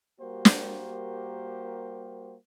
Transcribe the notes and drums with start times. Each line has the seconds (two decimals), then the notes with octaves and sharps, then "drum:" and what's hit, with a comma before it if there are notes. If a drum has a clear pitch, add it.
0.21 G3 A#3 F#4 G4 A#4 C5
0.45 drum: snare